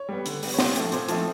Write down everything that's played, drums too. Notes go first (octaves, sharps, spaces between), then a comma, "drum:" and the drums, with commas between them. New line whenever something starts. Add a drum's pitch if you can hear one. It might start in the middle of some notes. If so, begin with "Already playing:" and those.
Already playing: C#5
G3 B3
D3, drum: hi-hat
G3 B3, drum: open hi-hat
C#5
A#2 C5, drum: snare
F3 A3 C4, drum: hi-hat
A#2 C5, drum: hi-hat
F3 A3 C4, drum: hi-hat